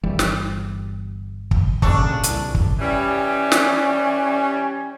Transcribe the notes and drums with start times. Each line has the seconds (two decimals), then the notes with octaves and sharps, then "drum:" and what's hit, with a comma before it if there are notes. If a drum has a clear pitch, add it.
0.04 G1 E3 G3
0.19 drum: snare
1.51 drum: kick
1.82 A#2 C#3 G3 D4 A4 C#6, drum: kick
2.23 C2 E3, drum: hi-hat
2.55 drum: kick
2.79 E3 G3 C#4
3.52 drum: snare